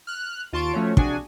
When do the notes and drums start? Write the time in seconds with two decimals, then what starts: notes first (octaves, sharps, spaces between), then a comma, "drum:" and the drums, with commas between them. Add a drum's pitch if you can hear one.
0.07 F6 F#6
0.53 D#2 F4 A5 C6 C#6 D7
0.73 F3 A3 C#4 F#4 C#5
0.97 C3 D4 F#4 G#4 G#5, drum: kick